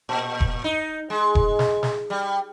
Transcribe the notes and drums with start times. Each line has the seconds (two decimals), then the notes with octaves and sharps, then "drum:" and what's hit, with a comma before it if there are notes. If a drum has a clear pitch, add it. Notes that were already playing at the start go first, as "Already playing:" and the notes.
0.09 A#2
0.40 drum: kick E1
0.64 D#4
1.10 G#3
1.35 drum: kick E1
1.59 drum: snare
1.83 drum: snare
2.10 G3